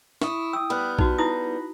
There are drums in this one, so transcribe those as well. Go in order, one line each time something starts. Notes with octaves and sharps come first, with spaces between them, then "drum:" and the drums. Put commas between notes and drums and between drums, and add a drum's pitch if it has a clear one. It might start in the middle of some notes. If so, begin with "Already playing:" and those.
E4 C#6 D#6, drum: snare
G5 D#6 E6
G3 B3 B5 F6 F#6
D#4 F#4, drum: kick B1
D#4 E4 B4 B5 D#6 A#6